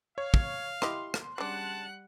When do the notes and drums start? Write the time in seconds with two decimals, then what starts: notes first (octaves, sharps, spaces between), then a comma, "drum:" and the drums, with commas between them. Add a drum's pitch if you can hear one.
0.18 C#5 F5
0.34 drum: kick
0.82 E4 G4 D#5 C6, drum: rim click
1.14 drum: rim click
1.38 C#3 G3 D4 F#5 A5 F#6